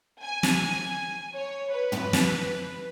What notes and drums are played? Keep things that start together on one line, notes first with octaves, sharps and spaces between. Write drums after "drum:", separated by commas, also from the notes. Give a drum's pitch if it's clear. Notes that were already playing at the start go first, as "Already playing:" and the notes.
G#5
drum: snare
C#5
B4
drum: tom
drum: snare